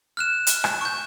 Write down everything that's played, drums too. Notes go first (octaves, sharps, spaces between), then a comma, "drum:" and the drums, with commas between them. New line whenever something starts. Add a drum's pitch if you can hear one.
F6 F#6 E7
drum: hi-hat
drum: rim click
C#6 G6